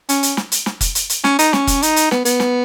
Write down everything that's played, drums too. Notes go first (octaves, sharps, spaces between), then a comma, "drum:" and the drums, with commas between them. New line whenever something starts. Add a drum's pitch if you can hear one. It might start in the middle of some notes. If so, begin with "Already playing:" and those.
C#4, drum: hi-hat
drum: hi-hat
drum: snare
drum: hi-hat
drum: snare
drum: kick F1, hi-hat
drum: hi-hat
drum: hi-hat
C#4, drum: snare
D#4, drum: hi-hat
C#4, drum: snare
drum: kick F1, hi-hat
D#4, drum: hi-hat
drum: hi-hat
B3, drum: snare
B3, drum: hi-hat
drum: snare